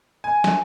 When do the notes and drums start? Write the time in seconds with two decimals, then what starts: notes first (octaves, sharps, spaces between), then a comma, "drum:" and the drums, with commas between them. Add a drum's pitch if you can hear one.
0.24 G#5
0.44 drum: snare